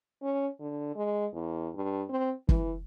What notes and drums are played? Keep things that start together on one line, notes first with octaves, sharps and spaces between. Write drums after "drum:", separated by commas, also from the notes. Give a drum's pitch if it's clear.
C#4
D3
G#3
E2
G2
C4
E3, drum: kick